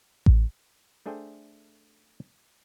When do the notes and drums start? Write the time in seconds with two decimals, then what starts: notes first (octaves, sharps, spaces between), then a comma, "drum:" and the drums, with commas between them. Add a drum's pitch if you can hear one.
0.26 drum: kick A1
1.06 A3 D4 G#4 A4 C5 G5